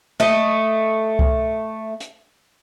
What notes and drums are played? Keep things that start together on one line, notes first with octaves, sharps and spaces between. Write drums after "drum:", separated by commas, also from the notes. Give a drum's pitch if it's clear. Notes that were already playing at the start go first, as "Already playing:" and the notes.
A3 D#5, drum: snare
drum: kick C2
drum: hi-hat